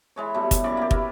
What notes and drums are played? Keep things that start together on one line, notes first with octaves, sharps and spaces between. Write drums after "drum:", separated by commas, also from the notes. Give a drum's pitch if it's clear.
E3 G#3 C#5
B2 G3 A3
drum: kick, hi-hat
F#2 E3 D5 C#6
A#3 G4
E4 A#4 B4, drum: kick